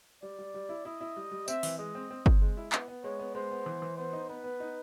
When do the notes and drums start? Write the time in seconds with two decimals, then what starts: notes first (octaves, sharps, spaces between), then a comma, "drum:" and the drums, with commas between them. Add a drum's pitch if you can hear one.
0.23 G3 D5
0.39 G3
0.54 G3
0.69 E4
0.85 E4 D#5
1.01 E4
1.16 G3
1.32 G3
1.48 C4 E5, drum: tambourine
1.63 E3, drum: open hi-hat
1.79 G#3 D#5
1.95 C4
2.10 C4
2.26 C4, drum: kick
2.41 G#3
2.57 E4
2.72 B3, drum: clap
2.88 B3
3.04 G#3 C#5
3.19 B3
3.35 G#3 C5
3.51 B3
3.66 E3
3.82 E3
3.97 B3 C5
4.13 D#4
4.29 B3 B4
4.44 B3
4.60 D#4